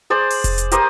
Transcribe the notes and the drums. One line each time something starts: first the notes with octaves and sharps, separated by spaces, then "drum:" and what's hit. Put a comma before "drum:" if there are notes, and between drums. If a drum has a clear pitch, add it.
G#4 C5 D5
drum: open hi-hat
drum: kick F1, hi-hat
drum: hi-hat
G4 A#4 C5 D#6, drum: hi-hat